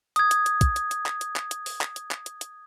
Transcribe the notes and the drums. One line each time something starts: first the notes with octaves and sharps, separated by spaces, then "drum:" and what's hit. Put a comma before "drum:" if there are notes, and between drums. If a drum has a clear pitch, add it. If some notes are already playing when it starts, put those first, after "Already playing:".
D#6 G#6, drum: hi-hat
drum: hi-hat
drum: hi-hat
drum: kick, hi-hat
drum: hi-hat
drum: hi-hat
drum: clap
drum: hi-hat
drum: clap
drum: hi-hat
drum: open hi-hat
drum: clap
drum: hi-hat
drum: clap
drum: hi-hat
drum: hi-hat